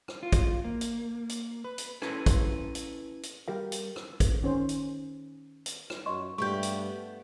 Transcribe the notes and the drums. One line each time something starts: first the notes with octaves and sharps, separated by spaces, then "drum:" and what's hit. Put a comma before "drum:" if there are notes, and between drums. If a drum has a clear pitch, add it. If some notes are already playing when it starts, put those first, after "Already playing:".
drum: rim click
F4
drum: kick, hi-hat
A#3
drum: hi-hat
drum: hi-hat
B4
drum: hi-hat
C#4 E4 A4 B4, drum: rim click
drum: kick, hi-hat
drum: hi-hat
drum: hi-hat
G3 G4 A#4 F5
drum: hi-hat
drum: rim click
drum: kick, hi-hat
D#3 C#4 C5
drum: hi-hat
drum: hi-hat
drum: rim click
F#2 D#5 C6 C#6
G2 A3 B3 G4 C#6 G6
drum: hi-hat